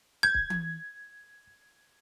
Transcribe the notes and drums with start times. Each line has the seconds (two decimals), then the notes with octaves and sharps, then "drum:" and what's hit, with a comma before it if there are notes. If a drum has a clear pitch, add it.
0.23 G6 G#6
0.34 drum: kick
0.50 drum: tom E3